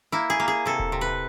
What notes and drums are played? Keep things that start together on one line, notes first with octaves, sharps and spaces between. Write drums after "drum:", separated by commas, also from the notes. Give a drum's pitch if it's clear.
A#3 E4
G#4
A#3
G#4
C3 A4
drum: kick D#1
C3
B4